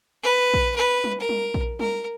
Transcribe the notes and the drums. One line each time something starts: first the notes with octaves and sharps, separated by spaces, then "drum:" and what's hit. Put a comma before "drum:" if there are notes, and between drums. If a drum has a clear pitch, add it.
B4
drum: kick A#1
B4
drum: tom G3
A#4
drum: tom G3
drum: kick A#1
A#4, drum: tom G3